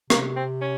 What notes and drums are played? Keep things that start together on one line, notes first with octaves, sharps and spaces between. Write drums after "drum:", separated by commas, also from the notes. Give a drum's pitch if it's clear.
C3 A#3, drum: rim click
C4
C#4